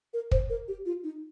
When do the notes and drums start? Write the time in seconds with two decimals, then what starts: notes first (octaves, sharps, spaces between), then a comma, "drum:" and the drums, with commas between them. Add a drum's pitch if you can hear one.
0.14 A#4
0.31 C5, drum: kick
0.50 A#4
0.68 G4
0.86 F4
1.04 D#4